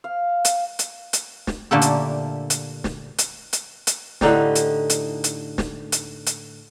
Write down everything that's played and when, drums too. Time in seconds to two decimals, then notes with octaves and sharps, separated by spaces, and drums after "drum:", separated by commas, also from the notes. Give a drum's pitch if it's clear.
0.04 F5
0.45 drum: hi-hat
0.79 drum: hi-hat
1.13 drum: hi-hat
1.47 drum: snare
1.71 A#2 D3 A3 A#3 G4 A4
1.81 drum: hi-hat
2.50 drum: hi-hat
2.84 drum: snare
3.18 drum: hi-hat
3.53 drum: hi-hat
3.87 drum: hi-hat
4.21 A2 D3 D#4 G4, drum: snare
4.55 drum: hi-hat
4.90 drum: hi-hat
5.24 drum: hi-hat
5.58 drum: snare
5.92 drum: hi-hat
6.26 drum: hi-hat